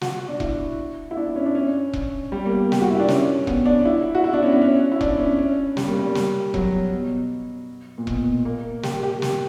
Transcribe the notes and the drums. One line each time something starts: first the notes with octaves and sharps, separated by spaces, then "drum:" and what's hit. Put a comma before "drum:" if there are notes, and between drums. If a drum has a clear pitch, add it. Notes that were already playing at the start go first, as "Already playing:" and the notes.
F#4, drum: snare
D4
E4, drum: kick E1
E4
D4
C#4
D4
C#4
drum: kick E1
G3
A#3
B3
G4, drum: snare
F#4
E4
D4
C#4, drum: snare
B3, drum: kick E1
D4
E4
F#4
E4
D4
C#4
B3
C#4
E4
D4, drum: kick E1
C#4
C#4
G3, drum: snare
A#3
G3
drum: snare
F#3, drum: kick E1
B2
A#2
B2, drum: kick E1
A#3
G4, drum: snare
G4
drum: snare